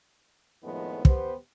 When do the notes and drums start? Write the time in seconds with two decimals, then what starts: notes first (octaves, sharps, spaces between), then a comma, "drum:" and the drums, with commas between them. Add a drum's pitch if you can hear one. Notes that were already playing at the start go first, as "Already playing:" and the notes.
0.64 F2 A2 D#3 F3 G#3 B3
1.05 B3 G4 C5, drum: kick